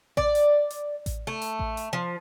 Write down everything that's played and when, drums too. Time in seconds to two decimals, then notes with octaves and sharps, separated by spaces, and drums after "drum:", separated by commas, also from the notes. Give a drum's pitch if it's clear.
0.17 D5, drum: kick A1
0.35 drum: hi-hat
0.70 drum: hi-hat
1.06 drum: kick A1, hi-hat
1.27 A3
1.42 drum: hi-hat
1.59 drum: kick A1
1.77 drum: hi-hat
1.93 F3